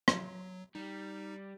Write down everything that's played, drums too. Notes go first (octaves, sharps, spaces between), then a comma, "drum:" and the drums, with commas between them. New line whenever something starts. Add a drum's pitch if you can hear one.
F#3, drum: rim click
G3 D#4